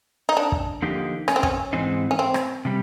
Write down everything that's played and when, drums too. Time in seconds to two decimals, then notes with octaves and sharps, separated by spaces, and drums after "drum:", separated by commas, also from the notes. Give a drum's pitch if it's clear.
0.29 D#4
0.37 D4
0.52 drum: kick
0.82 D3 F3 A#3 D#4 G4
1.28 C#4, drum: rim click
1.36 C4
1.43 C#4, drum: kick
1.73 G#2 E3 G#3 C4 D#4
2.11 C#4
2.19 C4
2.34 drum: rim click
2.65 C3 E3 G3